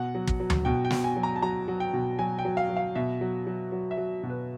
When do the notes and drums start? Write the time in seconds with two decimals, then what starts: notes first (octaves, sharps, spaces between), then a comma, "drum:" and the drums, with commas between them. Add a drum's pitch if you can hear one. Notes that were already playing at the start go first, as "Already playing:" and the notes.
Already playing: B2 F#5
0.15 F#3
0.27 drum: kick
0.40 F#3
0.50 drum: tom D2
0.65 B2 G5
0.85 G5
0.91 B2, drum: snare
1.04 G#5
1.16 F#3
1.23 A#5
1.36 A5
1.43 F#3 A#5
1.68 F#3
1.80 G5
1.94 B2
2.19 F#3 G#5
2.39 G5
2.45 F#3
2.57 F5
2.70 F#3
2.77 F5
2.95 B2 E5
3.21 F#3
3.47 F#3
3.72 F#3
3.91 E5
3.97 F#3
4.23 B2
4.30 B4